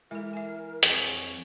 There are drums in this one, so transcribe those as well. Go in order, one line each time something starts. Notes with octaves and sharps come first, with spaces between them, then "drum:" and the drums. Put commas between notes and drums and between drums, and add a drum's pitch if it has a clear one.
E3 G#3 A4 A#4
E5 G#5
F2 G#4 C#5, drum: hi-hat